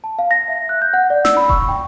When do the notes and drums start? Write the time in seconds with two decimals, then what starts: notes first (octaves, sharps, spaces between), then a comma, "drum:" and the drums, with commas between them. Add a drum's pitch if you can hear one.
0.04 A5
0.19 F5
0.31 A#6
0.48 E5
0.69 F#6
0.82 G6
0.93 F#5
1.10 D5
1.25 E6, drum: snare
1.37 B5
1.49 C#6, drum: kick D#1
1.68 G5